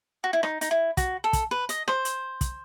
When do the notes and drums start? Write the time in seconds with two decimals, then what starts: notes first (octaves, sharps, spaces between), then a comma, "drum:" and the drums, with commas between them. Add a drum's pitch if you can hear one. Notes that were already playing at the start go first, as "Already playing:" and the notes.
0.24 F#4
0.33 E4
0.43 D#4, drum: rim click
0.61 D#4, drum: hi-hat
0.71 E4
0.97 F#4, drum: kick, hi-hat
1.24 A4
1.33 drum: kick, hi-hat
1.51 B4
1.69 D#5, drum: hi-hat
1.88 C5, drum: rim click
2.05 drum: hi-hat
2.41 drum: kick, hi-hat